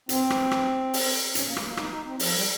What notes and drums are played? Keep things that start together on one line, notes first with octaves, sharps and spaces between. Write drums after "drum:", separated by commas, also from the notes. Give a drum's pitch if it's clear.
C4, drum: hi-hat
drum: rim click
drum: rim click
drum: open hi-hat
C#4, drum: hi-hat
A#3
G#3, drum: rim click
A#3
D#4, drum: rim click
D#4
C4
F3, drum: open hi-hat
G3